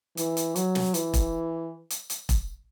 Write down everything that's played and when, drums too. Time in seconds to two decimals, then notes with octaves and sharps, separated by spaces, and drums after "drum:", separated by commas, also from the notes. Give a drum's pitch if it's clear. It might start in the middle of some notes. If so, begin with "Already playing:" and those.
0.17 E3, drum: hi-hat
0.37 drum: hi-hat
0.56 F#3, drum: hi-hat
0.75 drum: snare
0.94 E3, drum: hi-hat
1.14 drum: kick E1, hi-hat
1.90 drum: hi-hat
2.10 drum: hi-hat
2.29 drum: kick E1, hi-hat